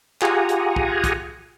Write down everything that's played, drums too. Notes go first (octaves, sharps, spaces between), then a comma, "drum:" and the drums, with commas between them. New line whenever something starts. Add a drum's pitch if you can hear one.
F4 G4 G#4 F#5 G#5 A#5, drum: clap
drum: hi-hat
drum: kick
drum: kick, hi-hat